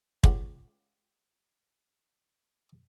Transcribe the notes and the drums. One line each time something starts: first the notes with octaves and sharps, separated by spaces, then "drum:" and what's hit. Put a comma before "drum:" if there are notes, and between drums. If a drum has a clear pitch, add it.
C#2 G4 F#5, drum: kick